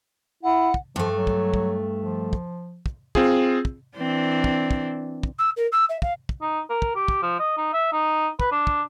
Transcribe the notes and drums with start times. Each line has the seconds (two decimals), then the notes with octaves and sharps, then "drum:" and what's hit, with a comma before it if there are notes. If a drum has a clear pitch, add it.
0.43 E4 F#5
0.74 drum: kick
0.96 G2 F3 A3
1.15 F#3
1.27 drum: kick
1.54 drum: kick
2.00 F3
2.33 drum: kick
2.86 drum: kick
3.15 C4 F4 G#4, drum: kick
3.65 drum: kick
3.97 E3 C4 D4
4.44 drum: kick
4.71 drum: kick
5.23 drum: kick
5.38 E6
5.56 A#4
5.72 E6
5.89 E5
6.02 F5, drum: kick
6.29 drum: kick
6.41 D#4
6.69 A#4
6.82 drum: kick
6.95 G4
7.08 drum: kick
7.23 F3
7.39 D#5
7.57 D#4
7.73 E5
7.92 D#4
8.40 B4, drum: kick
8.52 D4
8.67 drum: kick